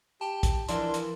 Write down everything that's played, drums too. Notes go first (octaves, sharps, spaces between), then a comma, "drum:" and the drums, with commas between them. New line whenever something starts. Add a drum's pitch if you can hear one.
G4 A5
drum: kick, hi-hat
E3 F3 D4 F4 A#4 C6, drum: hi-hat
drum: hi-hat